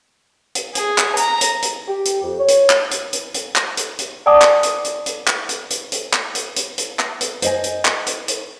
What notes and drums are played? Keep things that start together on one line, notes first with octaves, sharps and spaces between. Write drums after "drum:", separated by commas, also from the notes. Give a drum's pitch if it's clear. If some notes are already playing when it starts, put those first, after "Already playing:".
drum: hi-hat
G#4, drum: hi-hat
drum: clap
A#5, drum: hi-hat
drum: hi-hat
drum: hi-hat
G4
drum: hi-hat
F2
C#5
drum: hi-hat
drum: clap
drum: hi-hat
drum: hi-hat
drum: hi-hat
drum: clap
drum: hi-hat
drum: hi-hat
D5 F#5 G#5 A5 D6 D#6
drum: clap
drum: hi-hat
drum: hi-hat
drum: hi-hat
drum: clap
drum: hi-hat
drum: hi-hat
drum: hi-hat
drum: clap
drum: hi-hat
drum: hi-hat
drum: hi-hat
drum: clap
drum: hi-hat
C5 D#5 G#5, drum: hi-hat
drum: hi-hat
drum: clap
drum: hi-hat
drum: hi-hat